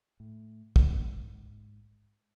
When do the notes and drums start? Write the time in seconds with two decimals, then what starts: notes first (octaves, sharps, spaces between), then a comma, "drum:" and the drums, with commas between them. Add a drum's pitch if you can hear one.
0.20 A2
0.76 G#2, drum: kick